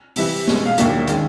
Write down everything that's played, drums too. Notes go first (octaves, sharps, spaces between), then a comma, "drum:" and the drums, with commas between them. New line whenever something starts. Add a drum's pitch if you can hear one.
C3 E3 G3 E5, drum: open hi-hat
B2 G#3 C#4, drum: snare
F5
D#2 C#3 F#3 A#3 D4 E5, drum: hi-hat
D#3 G#3 C#4, drum: hi-hat